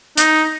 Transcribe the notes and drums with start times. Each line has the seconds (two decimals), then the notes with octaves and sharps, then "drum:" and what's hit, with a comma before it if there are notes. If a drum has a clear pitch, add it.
0.17 D#4, drum: hi-hat